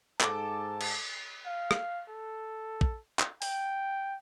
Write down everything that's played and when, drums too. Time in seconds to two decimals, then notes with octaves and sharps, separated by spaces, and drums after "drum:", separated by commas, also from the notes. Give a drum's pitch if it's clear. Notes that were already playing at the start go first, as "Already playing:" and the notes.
0.21 G#2 A4 A5 D6, drum: clap
0.81 drum: cymbal
1.46 F5
1.71 drum: rim click
2.08 A4
2.81 drum: kick
3.19 drum: clap
3.42 G5, drum: open hi-hat